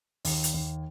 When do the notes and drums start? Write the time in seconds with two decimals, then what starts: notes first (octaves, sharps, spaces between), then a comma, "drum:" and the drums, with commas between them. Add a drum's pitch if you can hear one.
0.25 D#2, drum: open hi-hat
0.44 drum: hi-hat
0.54 D#2